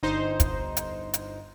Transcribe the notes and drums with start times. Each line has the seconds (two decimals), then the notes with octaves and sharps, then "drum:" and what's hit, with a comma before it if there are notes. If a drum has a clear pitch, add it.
0.03 G1 D#4 C5
0.40 drum: kick, hi-hat
0.77 drum: hi-hat
1.14 drum: hi-hat